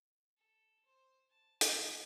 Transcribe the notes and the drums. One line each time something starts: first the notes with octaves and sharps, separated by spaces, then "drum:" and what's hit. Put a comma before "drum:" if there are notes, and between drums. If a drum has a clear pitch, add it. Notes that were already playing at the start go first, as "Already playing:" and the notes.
A4
C5
A5
G#4, drum: hi-hat